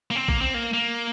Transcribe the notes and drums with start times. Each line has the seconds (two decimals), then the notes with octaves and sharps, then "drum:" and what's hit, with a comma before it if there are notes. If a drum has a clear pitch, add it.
0.10 A#3
0.16 C4
0.28 A#3, drum: kick A1
0.41 C4
0.54 A#3
0.73 A#3